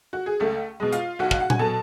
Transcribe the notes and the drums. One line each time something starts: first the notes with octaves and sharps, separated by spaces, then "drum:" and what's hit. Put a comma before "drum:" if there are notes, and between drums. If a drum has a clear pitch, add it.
F#4
G#4
C#2 A3 A4
B2 G#3
F4 F5, drum: hi-hat
B1 F#4 F#5
F5, drum: kick
F#5
G#5, drum: tom A#2
B2 F#3 A4 A5